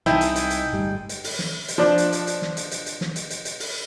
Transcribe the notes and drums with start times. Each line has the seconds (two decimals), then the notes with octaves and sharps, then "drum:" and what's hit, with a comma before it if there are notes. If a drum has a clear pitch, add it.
0.06 C2 G#3 D#4 E4 G#4 G5 A5, drum: snare
0.21 drum: hi-hat
0.36 drum: hi-hat
0.50 drum: hi-hat
0.73 G1 A2 G3
1.09 drum: hi-hat
1.24 drum: open hi-hat
1.39 drum: snare
1.68 drum: hi-hat
1.78 F3 D4
1.98 drum: hi-hat
2.12 drum: hi-hat
2.27 drum: hi-hat
2.42 drum: snare
2.57 drum: hi-hat
2.71 drum: hi-hat
2.86 drum: hi-hat
3.01 drum: snare
3.16 drum: hi-hat
3.30 drum: hi-hat
3.45 drum: hi-hat
3.60 drum: open hi-hat